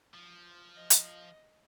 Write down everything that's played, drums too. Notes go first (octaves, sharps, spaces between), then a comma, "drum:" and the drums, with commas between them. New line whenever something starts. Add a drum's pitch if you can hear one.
F3
D#5
drum: hi-hat